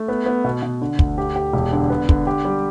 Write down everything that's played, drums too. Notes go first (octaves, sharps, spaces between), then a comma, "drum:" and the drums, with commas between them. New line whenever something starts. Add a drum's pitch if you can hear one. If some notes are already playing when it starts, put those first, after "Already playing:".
Already playing: A3
B3
B3
B2
B2
D3
D2, drum: kick
G4
G4
E1
D3
B3
D3, drum: kick
G4
G3